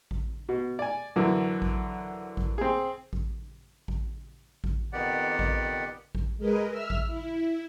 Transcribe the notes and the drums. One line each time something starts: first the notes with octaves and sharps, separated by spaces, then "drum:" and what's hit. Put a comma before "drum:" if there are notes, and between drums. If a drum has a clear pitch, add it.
drum: kick A1
B2
D5 G#5
F#2 D3 E3
drum: kick A1
drum: kick A1
C4 G#4
drum: kick A1
drum: kick A1
drum: kick A1
F2 D#3 B3 G4 D5 F#5
drum: kick A1
drum: kick A1
G#3 G#4 A#4 B4 D#5
E5 E6 F6
drum: kick A1
E4